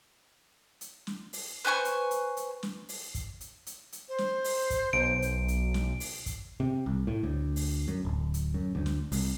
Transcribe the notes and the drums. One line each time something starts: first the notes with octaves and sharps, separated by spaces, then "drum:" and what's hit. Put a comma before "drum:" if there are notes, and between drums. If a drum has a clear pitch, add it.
drum: hi-hat
drum: snare
drum: open hi-hat
B4 C5 G#5 C#6
drum: hi-hat
drum: hi-hat
drum: hi-hat
drum: snare
drum: open hi-hat
drum: kick, hi-hat
drum: hi-hat
drum: hi-hat
drum: hi-hat
C5
drum: snare
drum: open hi-hat
drum: kick, hi-hat
B1 D7
drum: hi-hat
drum: hi-hat
drum: snare
drum: open hi-hat
drum: kick, hi-hat
C3
C2
A2
D2
drum: open hi-hat
F#2
D1
drum: hi-hat
F#2
D2
drum: snare
C2, drum: open hi-hat